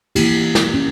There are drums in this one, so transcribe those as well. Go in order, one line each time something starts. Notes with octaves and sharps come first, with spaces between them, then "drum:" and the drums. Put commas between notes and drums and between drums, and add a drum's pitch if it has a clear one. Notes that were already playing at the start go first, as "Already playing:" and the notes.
E3 A#3 E4 G4, drum: cymbal
drum: snare
C#4